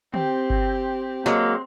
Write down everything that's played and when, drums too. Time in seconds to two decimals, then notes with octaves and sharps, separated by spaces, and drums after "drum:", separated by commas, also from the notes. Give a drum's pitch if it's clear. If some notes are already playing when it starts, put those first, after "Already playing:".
0.14 C4 G4, drum: tom
0.50 drum: kick G1
1.26 F#3 G#3 A#3, drum: snare